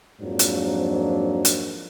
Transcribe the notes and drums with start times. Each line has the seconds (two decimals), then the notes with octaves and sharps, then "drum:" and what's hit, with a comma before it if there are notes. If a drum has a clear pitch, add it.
0.22 F2 G#2 F3 F#3 A#3 D4
0.39 drum: hi-hat
1.45 drum: hi-hat